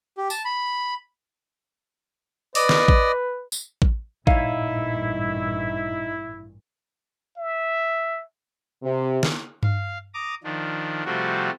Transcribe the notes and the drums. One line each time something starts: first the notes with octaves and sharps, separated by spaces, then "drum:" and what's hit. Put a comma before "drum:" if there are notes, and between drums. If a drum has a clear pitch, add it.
G4
A5, drum: tambourine
B5
B4 D5 D#5, drum: open hi-hat
drum: snare
drum: kick A1
drum: tambourine
drum: kick A1
A1 G2 A#2 D#4 E4 C#5 F5, drum: kick A1
E5
C3
drum: snare
F5, drum: tom G2
A#5 D6 D#6
D#3 F3 D4
C3 F3 G3 A3 F#4 G4